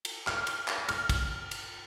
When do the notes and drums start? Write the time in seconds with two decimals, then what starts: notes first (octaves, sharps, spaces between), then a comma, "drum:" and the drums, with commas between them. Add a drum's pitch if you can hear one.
0.05 drum: cymbal
0.27 F6, drum: clap
0.47 drum: cymbal
0.68 drum: clap
0.89 F6, drum: cymbal
1.09 drum: kick, cymbal
1.51 drum: cymbal